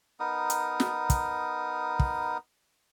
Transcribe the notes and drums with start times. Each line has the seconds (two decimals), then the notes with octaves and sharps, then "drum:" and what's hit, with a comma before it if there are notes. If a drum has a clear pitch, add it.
0.20 B3 D#4 A#4 D#6
0.50 drum: hi-hat
0.80 drum: snare
1.10 drum: kick, hi-hat
1.99 drum: kick